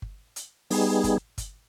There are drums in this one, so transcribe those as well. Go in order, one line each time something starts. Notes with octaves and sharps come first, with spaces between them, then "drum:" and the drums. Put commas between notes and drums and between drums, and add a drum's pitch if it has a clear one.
drum: kick G1
drum: hi-hat
G3 B3 D#4 G#4, drum: open hi-hat
drum: kick G1, hi-hat
drum: kick G1, hi-hat